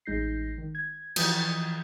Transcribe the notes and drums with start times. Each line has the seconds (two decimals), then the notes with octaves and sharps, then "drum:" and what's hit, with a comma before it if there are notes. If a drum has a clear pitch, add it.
0.06 A1 G#3 D#4 G6 A#6 C7
0.58 D#3
0.75 G#6
1.16 E3 F3 D#6 G6 A6 B6, drum: cymbal